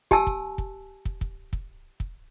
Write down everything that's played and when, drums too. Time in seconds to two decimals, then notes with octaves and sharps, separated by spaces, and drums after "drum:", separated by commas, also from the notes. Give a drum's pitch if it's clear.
0.11 G4 G#5 A5 E6, drum: kick
0.27 drum: kick
0.58 drum: kick
1.05 drum: kick
1.21 drum: kick
1.53 drum: kick
2.00 drum: kick